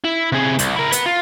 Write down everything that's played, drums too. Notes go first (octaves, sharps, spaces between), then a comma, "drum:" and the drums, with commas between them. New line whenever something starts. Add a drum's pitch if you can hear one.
E4
C3 G#4
C2, drum: hi-hat
E4 A#4
B4 F#5, drum: hi-hat
F4